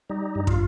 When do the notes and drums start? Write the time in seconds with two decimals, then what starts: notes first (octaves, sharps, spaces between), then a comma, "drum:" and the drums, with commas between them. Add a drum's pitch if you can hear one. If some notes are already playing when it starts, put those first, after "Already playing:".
0.10 G3 D#4
0.35 G2
0.47 F4, drum: kick